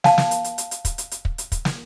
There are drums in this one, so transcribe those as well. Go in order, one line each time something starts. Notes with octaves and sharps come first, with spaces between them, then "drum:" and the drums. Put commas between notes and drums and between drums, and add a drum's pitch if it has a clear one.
F5 A5, drum: snare
drum: snare
drum: hi-hat
drum: hi-hat
drum: hi-hat
drum: hi-hat
drum: kick, hi-hat
drum: hi-hat
drum: hi-hat
drum: kick
drum: hi-hat
drum: kick, hi-hat
drum: snare